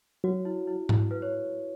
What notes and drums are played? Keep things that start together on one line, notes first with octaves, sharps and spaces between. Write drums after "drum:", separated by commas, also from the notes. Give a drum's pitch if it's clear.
F#3 F#4
E4
E4
E4, drum: tom G#2
B4
C#5